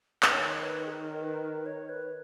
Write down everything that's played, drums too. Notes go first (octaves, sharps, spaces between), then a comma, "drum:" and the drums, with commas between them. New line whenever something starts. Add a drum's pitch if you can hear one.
B4, drum: clap
D#3 C#5
B4
G#4
A#4
B4
A#4
B4
C#5
B4